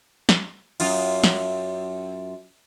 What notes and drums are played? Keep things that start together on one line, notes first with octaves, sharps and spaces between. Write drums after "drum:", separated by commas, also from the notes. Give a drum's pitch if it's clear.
drum: snare
F#2 F4, drum: cymbal
drum: snare